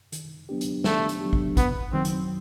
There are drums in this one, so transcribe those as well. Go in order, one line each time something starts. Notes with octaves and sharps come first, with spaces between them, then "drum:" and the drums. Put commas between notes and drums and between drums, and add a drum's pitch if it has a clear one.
D#3, drum: hi-hat
F#3 B3 D4 G4
drum: hi-hat
D#3 A3, drum: snare
drum: hi-hat
F#3 B3 D4 G4
drum: kick G#1
F#2 B3, drum: kick G#1, hi-hat
D#3 F#3 C4
drum: hi-hat